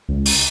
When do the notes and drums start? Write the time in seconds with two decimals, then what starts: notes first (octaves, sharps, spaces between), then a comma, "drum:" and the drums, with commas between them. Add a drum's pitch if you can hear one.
0.09 C#2
0.26 drum: open hi-hat